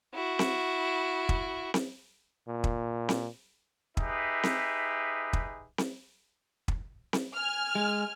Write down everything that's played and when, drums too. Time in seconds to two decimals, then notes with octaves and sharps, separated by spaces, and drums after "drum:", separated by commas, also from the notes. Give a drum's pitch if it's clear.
0.14 E4 F#4
0.39 drum: snare C4
1.29 drum: kick
1.74 drum: snare C4
2.48 A#2
2.64 drum: kick
3.09 drum: snare C4
3.97 D#4 G4 G#4 B4 E5, drum: kick
4.43 drum: snare C4
5.33 drum: kick
5.78 drum: snare C4
6.68 drum: kick
7.13 drum: snare C4
7.35 G#5 F6
7.75 G#3